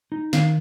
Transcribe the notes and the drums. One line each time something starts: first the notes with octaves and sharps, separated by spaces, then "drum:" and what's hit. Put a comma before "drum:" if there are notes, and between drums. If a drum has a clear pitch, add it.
D#4
D#3 F5, drum: snare